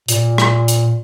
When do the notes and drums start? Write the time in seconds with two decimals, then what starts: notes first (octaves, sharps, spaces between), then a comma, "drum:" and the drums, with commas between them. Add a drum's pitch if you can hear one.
0.08 A#2, drum: hi-hat
0.38 drum: rim click
0.68 drum: hi-hat